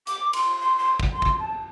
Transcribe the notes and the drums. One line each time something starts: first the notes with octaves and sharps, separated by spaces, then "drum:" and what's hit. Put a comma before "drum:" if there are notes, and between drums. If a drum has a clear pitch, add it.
D6, drum: hi-hat
C6, drum: cymbal
C6
C6
drum: kick
C6
drum: kick
A5